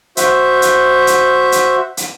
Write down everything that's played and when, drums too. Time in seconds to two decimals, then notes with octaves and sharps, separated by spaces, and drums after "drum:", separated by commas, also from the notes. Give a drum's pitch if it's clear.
0.17 F#4 C5 E5, drum: hi-hat
0.62 drum: hi-hat
1.07 drum: hi-hat
1.52 drum: hi-hat
1.97 drum: hi-hat